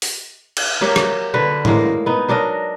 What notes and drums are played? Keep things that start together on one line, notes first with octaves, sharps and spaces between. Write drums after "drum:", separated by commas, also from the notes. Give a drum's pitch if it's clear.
drum: open hi-hat
drum: cymbal
F#3 A#3 G4 C#5
drum: rim click
D3 F#4 B4
A2 G#3 A#3, drum: tom G#2
B3 D#4
F#3 D4 A#4 D#5